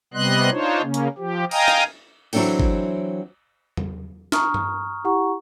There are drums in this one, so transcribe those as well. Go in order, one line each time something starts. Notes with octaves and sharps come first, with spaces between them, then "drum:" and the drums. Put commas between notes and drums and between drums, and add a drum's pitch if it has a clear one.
C3 G3 B3 D#5 C6 F#6
D4 D#4 F4 C5 C#5
C#3 A#3 C#4
drum: hi-hat
F3 G4
D#5 F5 G5 G#5 A#5 D#6, drum: cymbal
drum: rim click
E3 F#3 C4 D4 A4 G5, drum: cymbal
drum: kick
drum: tom E2
A#5 C#6 D#6 F6, drum: snare
drum: tom G2
E4 G4 F#5 A#5 C#6